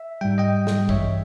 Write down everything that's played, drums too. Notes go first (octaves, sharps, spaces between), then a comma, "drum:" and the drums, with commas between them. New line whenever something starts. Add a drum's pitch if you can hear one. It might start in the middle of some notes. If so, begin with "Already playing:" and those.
Already playing: E5
G#2 G3 G5
D#5 G5
drum: snare
G2 E3 G#3 C#5 E5, drum: kick